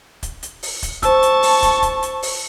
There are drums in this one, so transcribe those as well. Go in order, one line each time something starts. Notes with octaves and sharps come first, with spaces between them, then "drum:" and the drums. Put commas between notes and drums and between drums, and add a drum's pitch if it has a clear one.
drum: kick, hi-hat
drum: hi-hat
drum: open hi-hat
drum: kick, hi-hat
C5 A5 C#6 E6, drum: kick, hi-hat
drum: hi-hat
drum: open hi-hat
drum: kick, hi-hat
drum: kick, hi-hat
drum: hi-hat
drum: open hi-hat